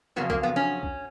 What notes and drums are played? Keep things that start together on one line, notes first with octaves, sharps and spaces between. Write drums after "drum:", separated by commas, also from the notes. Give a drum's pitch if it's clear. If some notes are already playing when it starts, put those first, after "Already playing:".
F2 C#3 F#3 A#3 B3
A#3, drum: kick
B3
C#4
drum: kick